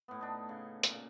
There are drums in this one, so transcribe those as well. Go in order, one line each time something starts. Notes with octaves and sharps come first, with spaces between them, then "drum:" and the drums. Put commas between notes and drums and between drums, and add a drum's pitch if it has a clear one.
A2 B3
D4 D#4
C#3
A#2, drum: hi-hat